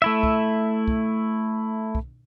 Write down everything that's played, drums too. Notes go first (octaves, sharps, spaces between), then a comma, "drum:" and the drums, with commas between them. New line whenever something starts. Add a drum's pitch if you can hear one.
A3 E4 E5
drum: kick
drum: kick
drum: kick